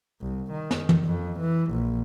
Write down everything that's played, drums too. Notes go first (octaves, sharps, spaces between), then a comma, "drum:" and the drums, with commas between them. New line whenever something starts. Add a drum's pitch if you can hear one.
C2
D#3
drum: snare
drum: tom
F2
E3
A#1